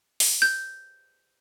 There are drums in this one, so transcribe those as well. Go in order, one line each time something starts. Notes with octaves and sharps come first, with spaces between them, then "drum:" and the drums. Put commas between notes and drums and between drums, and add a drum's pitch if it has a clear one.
drum: open hi-hat
G6